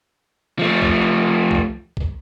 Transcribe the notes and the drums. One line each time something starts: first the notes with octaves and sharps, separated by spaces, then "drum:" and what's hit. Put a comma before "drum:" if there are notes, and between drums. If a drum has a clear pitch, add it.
F3 A3
drum: kick
drum: kick
drum: kick